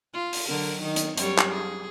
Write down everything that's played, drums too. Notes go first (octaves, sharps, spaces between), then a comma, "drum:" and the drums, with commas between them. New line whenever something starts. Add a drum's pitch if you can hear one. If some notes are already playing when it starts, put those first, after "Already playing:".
F4
drum: open hi-hat
D3 F#3 A#4
D#3 D#4
drum: hi-hat
F#2 G3 C#5, drum: hi-hat
drum: clap
G#4